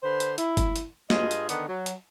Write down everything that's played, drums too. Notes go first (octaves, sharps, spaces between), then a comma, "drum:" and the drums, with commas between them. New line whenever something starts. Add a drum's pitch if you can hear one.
D3 B4 C5
drum: hi-hat
E4, drum: hi-hat
drum: kick G1, hi-hat
drum: hi-hat
G2 F4 G#4 D#5, drum: snare
drum: hi-hat
D3 D#3 B3 D4, drum: hi-hat
F#3
drum: hi-hat